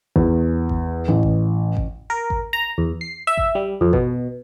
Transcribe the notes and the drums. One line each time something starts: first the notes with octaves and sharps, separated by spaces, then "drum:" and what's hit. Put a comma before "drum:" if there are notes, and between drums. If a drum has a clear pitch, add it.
E2, drum: kick G#1
drum: kick G#1
A1
drum: kick G#1
drum: kick G#1
A#4
drum: kick G#1
A#5
E2
C7
E5
drum: kick G#1
G3
F2
B2, drum: kick G#1